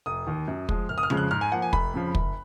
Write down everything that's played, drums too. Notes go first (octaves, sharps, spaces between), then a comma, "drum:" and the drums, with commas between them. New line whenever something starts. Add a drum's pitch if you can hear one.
F1 D#6
D#2 D#3
F#2
F3 G#3, drum: kick
F#1 F6
D#6
F6
F2 C#3 F3 G#3, drum: tom C#3
F#6
G#2 F6
G#5
F3 A#3 F#5
G#5
F1 B5, drum: kick
F2 C#3 F3
F#1, drum: kick